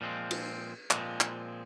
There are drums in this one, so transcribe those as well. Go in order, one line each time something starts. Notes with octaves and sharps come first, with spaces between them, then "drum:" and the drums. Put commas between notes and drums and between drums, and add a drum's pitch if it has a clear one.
A#2 F3 G#3 C4
drum: cymbal
A#2 F3 G#3 C4, drum: clap
drum: clap